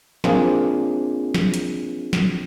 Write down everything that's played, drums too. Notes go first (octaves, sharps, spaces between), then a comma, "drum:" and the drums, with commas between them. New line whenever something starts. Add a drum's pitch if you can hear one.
A#3 C4 D4 F4 G#4, drum: snare
drum: snare
drum: hi-hat
drum: snare